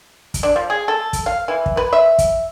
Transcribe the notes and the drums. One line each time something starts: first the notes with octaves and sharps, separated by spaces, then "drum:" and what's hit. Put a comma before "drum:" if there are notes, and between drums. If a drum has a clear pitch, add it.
drum: kick, hi-hat
D4
F3
G#4
A4
drum: kick, hi-hat
F5
E3
drum: kick
B4
E5
drum: kick, hi-hat